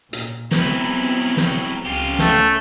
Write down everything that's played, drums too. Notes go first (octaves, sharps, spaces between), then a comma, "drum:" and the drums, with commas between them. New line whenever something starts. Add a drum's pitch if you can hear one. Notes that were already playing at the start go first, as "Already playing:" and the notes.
A#2, drum: hi-hat
F#3 G#3 B3 C4 E4, drum: snare
drum: snare
C#2 C#4 F4 G4
A3, drum: snare